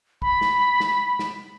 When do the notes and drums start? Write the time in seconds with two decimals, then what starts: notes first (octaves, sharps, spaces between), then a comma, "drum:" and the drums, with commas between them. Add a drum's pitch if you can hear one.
0.22 B5, drum: kick
0.41 drum: snare
0.80 drum: snare
1.19 drum: snare